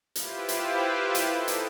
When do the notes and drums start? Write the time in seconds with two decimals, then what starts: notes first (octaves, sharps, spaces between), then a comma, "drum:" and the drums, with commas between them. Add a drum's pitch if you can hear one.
0.16 E4 F4 G4 B4 C5, drum: hi-hat
0.49 drum: hi-hat
1.15 drum: hi-hat
1.27 D#4 A4
1.48 drum: hi-hat